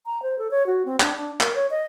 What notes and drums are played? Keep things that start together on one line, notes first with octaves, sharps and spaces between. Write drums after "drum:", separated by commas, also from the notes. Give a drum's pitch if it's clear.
A#5
C5
A4
C#5
F#4
C4
D4, drum: clap
D4
A#4, drum: clap
C#5
D#5